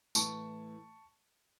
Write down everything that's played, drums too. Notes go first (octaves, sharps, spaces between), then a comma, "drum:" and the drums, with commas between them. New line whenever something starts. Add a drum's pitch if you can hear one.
A2 E3 A5 C#6, drum: tambourine